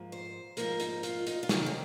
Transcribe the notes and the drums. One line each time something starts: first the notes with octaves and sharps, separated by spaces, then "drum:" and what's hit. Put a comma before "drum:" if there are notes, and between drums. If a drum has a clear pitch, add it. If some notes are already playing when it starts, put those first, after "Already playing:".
Already playing: G#2 F3 A#3
C5
G#2 F3 A#3 A#4, drum: hi-hat
D#4, drum: hi-hat
F4, drum: hi-hat
D#4, drum: hi-hat
F4
C3 D#3 F#3 C4 D#4, drum: snare
C#4